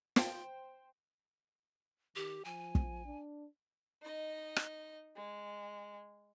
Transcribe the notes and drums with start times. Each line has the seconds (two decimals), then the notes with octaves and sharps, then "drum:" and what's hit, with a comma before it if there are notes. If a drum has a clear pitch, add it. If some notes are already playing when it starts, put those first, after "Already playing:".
0.16 C5 G5, drum: snare
2.16 D#3 G4
2.45 F3 G#5
2.75 drum: kick
3.05 D4
4.02 D#4 D#5
4.56 drum: rim click
5.16 G#3